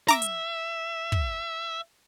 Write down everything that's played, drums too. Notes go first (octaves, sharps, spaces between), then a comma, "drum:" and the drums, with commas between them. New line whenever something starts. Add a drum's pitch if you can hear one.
E5 A#5 D6 A#6, drum: snare
drum: hi-hat
drum: kick